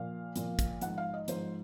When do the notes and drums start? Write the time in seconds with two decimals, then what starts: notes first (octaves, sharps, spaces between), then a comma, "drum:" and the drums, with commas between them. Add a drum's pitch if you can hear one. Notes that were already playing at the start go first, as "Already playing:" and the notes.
Already playing: A#2 F3 F5
0.36 A#2 F3, drum: hi-hat
0.59 drum: kick, hi-hat
0.81 G#2 F3 F#5, drum: hi-hat
0.98 F5
1.14 D#5
1.28 G#2 F3 C5, drum: hi-hat